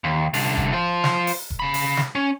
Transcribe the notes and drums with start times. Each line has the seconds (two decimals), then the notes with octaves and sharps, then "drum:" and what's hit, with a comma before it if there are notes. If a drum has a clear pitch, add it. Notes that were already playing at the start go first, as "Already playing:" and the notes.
0.04 D#2
0.34 C2 D3, drum: open hi-hat
0.57 drum: kick F1
0.73 F4 C5
1.04 drum: snare
1.27 drum: open hi-hat
1.50 drum: kick F1
1.60 C#3 B5
1.74 drum: open hi-hat
1.97 drum: snare
2.15 C#4